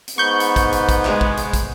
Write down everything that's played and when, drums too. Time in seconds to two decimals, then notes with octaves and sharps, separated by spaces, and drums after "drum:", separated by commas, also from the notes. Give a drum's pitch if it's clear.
0.08 drum: hi-hat
0.18 G#2 B3 B5 C#6 G6
0.40 drum: hi-hat
0.56 drum: kick, hi-hat
0.72 drum: hi-hat
0.89 drum: kick, hi-hat
1.05 G#3, drum: clap
1.21 drum: kick
1.37 drum: hi-hat
1.53 drum: kick, hi-hat